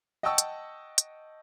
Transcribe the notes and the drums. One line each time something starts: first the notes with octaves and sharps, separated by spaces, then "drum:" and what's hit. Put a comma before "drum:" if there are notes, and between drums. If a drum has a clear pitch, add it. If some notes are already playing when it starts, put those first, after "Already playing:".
D#5 F#5 G5 A5 C#6 E6
drum: hi-hat
drum: hi-hat